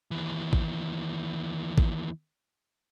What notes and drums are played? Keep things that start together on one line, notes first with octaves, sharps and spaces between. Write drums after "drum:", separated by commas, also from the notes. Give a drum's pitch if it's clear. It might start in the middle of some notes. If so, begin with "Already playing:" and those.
D#2 E3
drum: kick
drum: kick